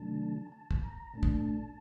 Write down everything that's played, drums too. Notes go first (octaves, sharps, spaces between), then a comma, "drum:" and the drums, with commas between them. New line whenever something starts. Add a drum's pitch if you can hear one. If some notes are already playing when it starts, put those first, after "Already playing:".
Already playing: C3 D#3 F#3 A3 D4 A5
A5
drum: kick
A#5
A#2 A3 D4 A5
drum: kick